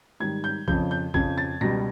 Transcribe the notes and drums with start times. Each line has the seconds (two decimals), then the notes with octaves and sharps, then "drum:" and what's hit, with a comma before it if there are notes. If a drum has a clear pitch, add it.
0.20 G#2 D#3 G3 G#6
0.44 G6
0.68 F2 C#3 F3 G6, drum: kick A#1
0.91 G6
1.14 F2 C#3 F3 G#6, drum: kick A#1
1.38 A6
1.61 C#2 B2 G3 A#6